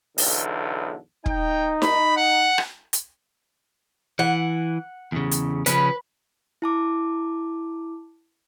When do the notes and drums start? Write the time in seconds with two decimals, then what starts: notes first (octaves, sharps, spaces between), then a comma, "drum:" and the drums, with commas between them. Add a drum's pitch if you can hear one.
0.18 B1 E2 D3, drum: open hi-hat
1.26 D#4 G5, drum: kick
1.82 B5, drum: snare D#4
2.17 F#5
2.58 drum: rim click
2.93 drum: hi-hat
4.19 E3 F#5
5.12 E2 C#3
5.31 drum: hi-hat
5.66 C#3 F3 C#4 B4, drum: hi-hat
6.62 E4 A5 D6